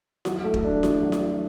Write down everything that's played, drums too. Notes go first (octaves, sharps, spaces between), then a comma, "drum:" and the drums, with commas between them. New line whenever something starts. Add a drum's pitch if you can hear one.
F#3, drum: snare E4
A3
drum: kick
D4
F#3, drum: snare E4
F#3
drum: snare E4
F#3